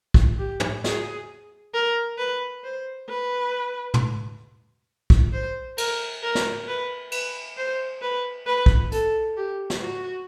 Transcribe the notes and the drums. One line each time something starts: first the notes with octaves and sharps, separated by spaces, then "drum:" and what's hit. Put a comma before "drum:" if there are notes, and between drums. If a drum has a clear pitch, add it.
drum: kick
G4
drum: tom
G#4, drum: snare
A#4
B4
C5
B4
drum: tom
drum: kick
C5
A#4, drum: cymbal
A#4
drum: snare
B4
B4, drum: cymbal
C5
B4
B4
drum: kick
A4, drum: hi-hat
G4
drum: snare
F#4